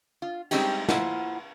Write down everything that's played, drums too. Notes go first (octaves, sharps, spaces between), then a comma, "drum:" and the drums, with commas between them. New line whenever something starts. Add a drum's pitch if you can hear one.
F4
G3 G#3 C4 C#4 D#4 G4, drum: cymbal
A#3 E4 F4 C5 F#5 G#5, drum: snare